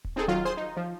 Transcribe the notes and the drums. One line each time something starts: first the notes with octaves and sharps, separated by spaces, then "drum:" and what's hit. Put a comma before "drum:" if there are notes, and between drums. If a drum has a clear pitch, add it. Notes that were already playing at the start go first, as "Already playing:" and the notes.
drum: kick D1
C4 D#4 G#4 A4
D#3 F#3 F4
G#4 C5 C6
D#4
F3